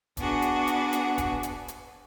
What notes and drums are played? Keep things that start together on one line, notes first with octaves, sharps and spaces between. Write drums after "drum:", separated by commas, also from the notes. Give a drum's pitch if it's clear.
B3 D4 F#4 G#4, drum: kick D#1, hi-hat
drum: hi-hat
drum: hi-hat
drum: hi-hat
drum: kick D#1, hi-hat
drum: hi-hat
drum: hi-hat